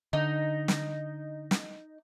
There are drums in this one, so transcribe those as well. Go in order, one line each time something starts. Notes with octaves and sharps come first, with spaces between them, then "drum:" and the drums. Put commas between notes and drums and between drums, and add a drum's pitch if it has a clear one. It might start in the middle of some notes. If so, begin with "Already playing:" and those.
D3 D#4
drum: snare
drum: snare